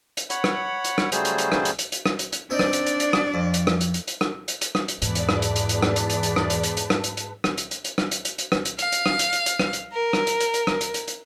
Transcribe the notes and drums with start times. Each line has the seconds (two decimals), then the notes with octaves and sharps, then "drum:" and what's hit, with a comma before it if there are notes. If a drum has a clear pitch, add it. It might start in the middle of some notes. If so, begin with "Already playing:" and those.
0.17 drum: hi-hat
0.30 C#5 F#5 B5, drum: hi-hat
0.44 drum: rim click
0.84 drum: hi-hat
0.98 drum: rim click
1.12 C#3 F#3 G3 A3 G#4 C5, drum: hi-hat
1.25 drum: hi-hat
1.38 drum: hi-hat
1.52 drum: rim click
1.65 drum: hi-hat
1.79 drum: hi-hat
1.92 drum: hi-hat
2.06 drum: rim click
2.19 drum: hi-hat
2.32 drum: hi-hat
2.50 C4 D4 D#4 D5
2.59 drum: rim click
2.73 drum: hi-hat
2.86 drum: hi-hat
3.00 drum: hi-hat
3.13 drum: rim click
3.34 F2
3.54 drum: hi-hat
3.67 drum: rim click
3.81 drum: hi-hat
3.94 drum: hi-hat
4.07 drum: hi-hat
4.21 drum: rim click
4.48 drum: hi-hat
4.61 drum: hi-hat
4.75 drum: rim click
4.88 drum: hi-hat
5.02 E2 G#2 G#4 B4 D5 A5, drum: hi-hat
5.15 drum: hi-hat
5.29 drum: rim click
5.42 drum: hi-hat
5.56 drum: hi-hat
5.69 drum: hi-hat
5.82 drum: rim click
5.96 drum: hi-hat
6.09 drum: hi-hat
6.23 drum: hi-hat
6.36 drum: rim click
6.50 drum: hi-hat
6.63 drum: hi-hat
6.77 drum: hi-hat
6.90 drum: rim click
7.04 drum: hi-hat
7.17 drum: hi-hat
7.44 drum: rim click
7.58 drum: hi-hat
7.71 drum: hi-hat
7.84 drum: hi-hat
7.98 drum: rim click
8.11 drum: hi-hat
8.25 drum: hi-hat
8.38 drum: hi-hat
8.52 drum: rim click
8.65 drum: hi-hat
8.79 F5, drum: hi-hat
8.92 drum: hi-hat
9.06 drum: rim click
9.19 drum: hi-hat
9.33 drum: hi-hat
9.46 drum: hi-hat
9.59 drum: rim click
9.73 drum: hi-hat
9.93 A#4
10.13 drum: rim click
10.27 drum: hi-hat
10.40 drum: hi-hat
10.54 drum: hi-hat
10.67 drum: rim click
10.81 drum: hi-hat
10.94 drum: hi-hat
11.08 drum: hi-hat